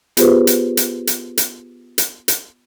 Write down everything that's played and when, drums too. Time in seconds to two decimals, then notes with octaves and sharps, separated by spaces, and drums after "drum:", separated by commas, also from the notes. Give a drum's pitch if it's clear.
0.17 B3 F4 G4 G#4 B4 C5, drum: hi-hat
0.47 drum: hi-hat
0.77 drum: hi-hat
1.07 drum: hi-hat
1.37 drum: hi-hat
1.98 drum: hi-hat
2.28 drum: hi-hat